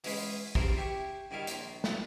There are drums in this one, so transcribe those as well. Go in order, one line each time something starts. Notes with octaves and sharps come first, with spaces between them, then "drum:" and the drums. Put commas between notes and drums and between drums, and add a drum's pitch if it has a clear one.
E3 G#3 C#4 G#4 B4 C6, drum: open hi-hat
C#3 E3 G3 F4 A#4 C5, drum: kick
E4 G4 C#6
G2 D#3 E4 F5
A#1 A#5 C6, drum: hi-hat
drum: snare